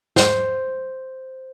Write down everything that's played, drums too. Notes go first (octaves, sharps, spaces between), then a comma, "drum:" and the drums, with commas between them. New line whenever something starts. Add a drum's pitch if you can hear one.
C5, drum: snare